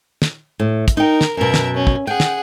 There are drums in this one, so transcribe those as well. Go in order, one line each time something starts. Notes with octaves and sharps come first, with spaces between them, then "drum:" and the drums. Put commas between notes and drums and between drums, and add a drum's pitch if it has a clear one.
drum: snare
A2
drum: kick, hi-hat
D#4 A#4 G5
drum: snare
F#2 B2 A#4 E5
drum: snare
C#4
drum: kick
G#4 F#5 G5
drum: snare